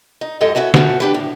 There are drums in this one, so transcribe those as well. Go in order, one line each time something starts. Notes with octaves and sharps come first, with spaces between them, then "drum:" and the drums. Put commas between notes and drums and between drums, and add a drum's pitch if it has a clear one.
D#4
F#2 A2 G#3 G4 A4 D#5
B3 C#4 E4 F#4 A#4
F3 A3 A#3 C#4 F#4, drum: snare
D4 G4 B4
A2